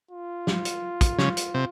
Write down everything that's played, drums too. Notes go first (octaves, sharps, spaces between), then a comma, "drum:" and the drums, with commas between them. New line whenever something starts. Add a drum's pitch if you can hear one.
F4
drum: snare
drum: hi-hat
drum: kick, hi-hat
C#3, drum: snare
drum: hi-hat
C3